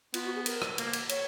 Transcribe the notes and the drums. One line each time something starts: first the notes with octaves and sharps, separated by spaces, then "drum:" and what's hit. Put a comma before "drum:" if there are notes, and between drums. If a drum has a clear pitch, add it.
B3 F4, drum: cymbal
F#4
G#4
A#4, drum: cymbal
drum: rim click
A#3, drum: cymbal
drum: cymbal
C#5, drum: cymbal